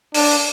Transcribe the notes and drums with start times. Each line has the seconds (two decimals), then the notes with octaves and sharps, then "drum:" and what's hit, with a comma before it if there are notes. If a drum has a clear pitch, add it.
0.14 D4, drum: open hi-hat